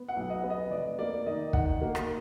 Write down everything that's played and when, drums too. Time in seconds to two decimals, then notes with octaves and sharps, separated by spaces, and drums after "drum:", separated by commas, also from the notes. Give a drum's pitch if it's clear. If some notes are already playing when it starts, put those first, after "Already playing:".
Already playing: B3
0.09 F#5
0.16 B1
0.30 D#5
0.44 B3
0.50 D#5
0.70 F1 D5
0.99 A#3 D5
1.26 D#3 D#5
1.53 D#3 F#5, drum: kick
1.82 A#3
1.95 drum: rim click